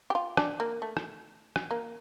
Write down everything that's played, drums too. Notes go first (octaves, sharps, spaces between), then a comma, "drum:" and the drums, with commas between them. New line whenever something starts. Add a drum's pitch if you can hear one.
G4
F4
D4, drum: rim click
A#3
A3
drum: rim click
drum: rim click
A#3